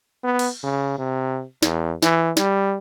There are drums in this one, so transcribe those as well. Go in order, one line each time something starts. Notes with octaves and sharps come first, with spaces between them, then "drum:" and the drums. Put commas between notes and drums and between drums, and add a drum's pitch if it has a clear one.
B3
drum: cymbal
C#3
C3
E2, drum: snare
E3, drum: snare
G3, drum: snare